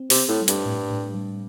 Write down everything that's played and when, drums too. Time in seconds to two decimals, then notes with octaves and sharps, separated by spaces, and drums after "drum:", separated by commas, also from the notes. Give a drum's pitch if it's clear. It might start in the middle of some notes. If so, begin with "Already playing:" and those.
Already playing: C4
0.10 C3, drum: open hi-hat
0.16 C4
0.28 A2
0.42 G3
0.48 G2, drum: hi-hat
0.66 A2
0.91 A2
1.15 G3